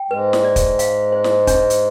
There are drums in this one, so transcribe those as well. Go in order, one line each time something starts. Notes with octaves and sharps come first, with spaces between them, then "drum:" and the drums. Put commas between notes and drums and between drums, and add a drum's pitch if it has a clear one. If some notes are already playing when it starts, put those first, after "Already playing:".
Already playing: G5
G#2 G#3 B4
drum: snare
D5
drum: kick, hi-hat
F5, drum: hi-hat
C5
drum: snare
D4, drum: kick, hi-hat
drum: hi-hat